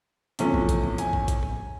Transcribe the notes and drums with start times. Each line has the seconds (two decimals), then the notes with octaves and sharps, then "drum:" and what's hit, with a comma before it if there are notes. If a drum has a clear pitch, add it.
0.39 E2 C3 F3 A3 C#4, drum: hi-hat
0.54 drum: kick
0.69 drum: kick, hi-hat
0.84 drum: tom A2
0.98 G#5, drum: hi-hat
1.13 drum: kick
1.28 drum: kick, hi-hat
1.43 drum: tom A2